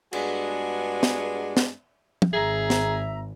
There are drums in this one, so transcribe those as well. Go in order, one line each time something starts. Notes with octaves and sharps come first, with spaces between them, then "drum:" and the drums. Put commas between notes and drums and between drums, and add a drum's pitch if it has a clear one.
G2 G#3 B3 D4 F#4 G#4, drum: cymbal
drum: snare
drum: snare
drum: tom
G#1 G#4 E5 A#5
drum: snare